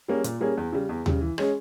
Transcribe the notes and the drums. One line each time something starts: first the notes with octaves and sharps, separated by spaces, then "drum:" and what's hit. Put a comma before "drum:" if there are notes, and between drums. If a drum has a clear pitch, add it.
G3 A#3 C#4 G#4
A#2, drum: hi-hat
G3 A#3 C#4 G#4
E2
C#3 G3
E2
C#3 G3, drum: tom D#2
E3
G#3 C#4 G#4, drum: rim click